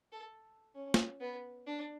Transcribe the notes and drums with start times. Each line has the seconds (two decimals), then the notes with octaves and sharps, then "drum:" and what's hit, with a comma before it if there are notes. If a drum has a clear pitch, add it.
0.12 A4
0.75 C#4
0.94 drum: snare
1.21 B3
1.67 D4